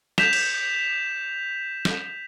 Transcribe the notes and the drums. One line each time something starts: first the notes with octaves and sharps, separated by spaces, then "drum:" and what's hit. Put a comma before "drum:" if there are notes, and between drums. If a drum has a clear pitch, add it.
G6 B6 E7 F7, drum: snare
drum: cymbal
drum: snare